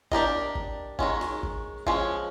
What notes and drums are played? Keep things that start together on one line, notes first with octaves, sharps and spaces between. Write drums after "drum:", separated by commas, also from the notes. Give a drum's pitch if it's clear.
D4 G4 A#4 D#5, drum: kick G1
drum: kick G1
D#3 G#3 C#4, drum: kick G1
drum: snare
drum: kick G1
F3 G#3 C#4, drum: kick G1